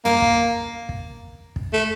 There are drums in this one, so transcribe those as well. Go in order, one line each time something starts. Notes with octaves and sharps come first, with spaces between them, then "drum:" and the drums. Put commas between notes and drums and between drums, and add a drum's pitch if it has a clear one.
A#3, drum: tom
drum: kick
drum: kick
drum: kick
A3